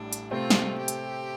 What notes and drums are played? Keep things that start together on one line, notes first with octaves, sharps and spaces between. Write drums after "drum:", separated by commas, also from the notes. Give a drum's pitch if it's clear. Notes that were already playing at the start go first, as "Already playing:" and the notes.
Already playing: A1 A2 G3 D4
drum: hi-hat
C3 A3 C4 F4
drum: snare
G4
drum: hi-hat